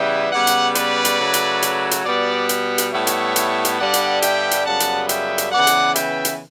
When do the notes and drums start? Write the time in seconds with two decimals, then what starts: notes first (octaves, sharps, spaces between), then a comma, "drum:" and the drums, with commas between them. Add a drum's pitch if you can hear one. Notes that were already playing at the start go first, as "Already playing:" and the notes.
Already playing: C#3 E3 G3 B3 E5 G5
0.32 C#3 G3 B3 D5 F#5
0.47 drum: hi-hat
0.75 B4 D5, drum: hi-hat
1.05 drum: hi-hat
1.19 C#3 F#3 A3
1.34 drum: hi-hat
1.62 drum: hi-hat
1.91 drum: hi-hat
2.06 B2 G3 B3 B4 D5
2.49 drum: hi-hat
2.78 drum: hi-hat
2.92 A2 G3 B3 C#5 E5
3.07 drum: hi-hat
3.36 drum: hi-hat
3.65 drum: hi-hat
3.79 G2 D3 G3 B3 D5 F#5
3.94 drum: hi-hat
4.22 E5 G5, drum: hi-hat
4.51 drum: hi-hat
4.65 F#2 C#3 G3 B3 F#5 A5
4.80 drum: hi-hat
5.09 E5 G5, drum: hi-hat
5.38 drum: hi-hat
5.52 C#3 E3 B3 D5 F#5
5.67 drum: hi-hat
5.96 E5 G5, drum: hi-hat
6.25 drum: hi-hat